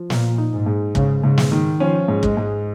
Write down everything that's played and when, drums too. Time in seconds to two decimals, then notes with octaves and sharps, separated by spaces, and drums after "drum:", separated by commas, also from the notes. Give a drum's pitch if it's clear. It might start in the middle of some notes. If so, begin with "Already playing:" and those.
Already playing: F3
0.10 A#2 A#3, drum: snare
0.38 D#4
0.53 G#2
0.66 G#2
0.95 G#2 C#3, drum: kick
1.23 G#2 C#3
1.38 drum: snare
1.52 D#3
1.80 F3 C#4
2.08 G#2
2.23 G#3, drum: kick
2.37 G#2